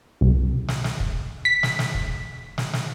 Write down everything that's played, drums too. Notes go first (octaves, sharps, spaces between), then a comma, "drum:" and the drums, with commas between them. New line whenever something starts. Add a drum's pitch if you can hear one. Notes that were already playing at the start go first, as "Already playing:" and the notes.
C2
drum: snare
drum: snare
drum: kick
B6
drum: snare
drum: snare
drum: kick
drum: snare
drum: snare